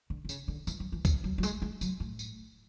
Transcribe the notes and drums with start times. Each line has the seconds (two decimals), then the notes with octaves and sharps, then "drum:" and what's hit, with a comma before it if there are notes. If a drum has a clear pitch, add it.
0.10 D3
0.25 D3
0.29 C#3, drum: tambourine
0.48 D3
0.67 E3, drum: tambourine
0.80 F#3
0.92 E3
1.05 D3, drum: kick C#2, tambourine
1.24 F#3
1.38 F#3
1.43 G#3, drum: tambourine
1.62 G#3
1.81 F#3, drum: tambourine
2.00 A2
2.19 drum: tambourine